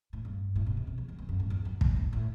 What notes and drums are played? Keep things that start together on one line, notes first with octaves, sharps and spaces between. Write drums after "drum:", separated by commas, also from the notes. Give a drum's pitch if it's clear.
A2
G2
A2
B2
C3
B2
E2
F#2
E2
F#2
A2
E2
F#2
G2, drum: kick
A2
A2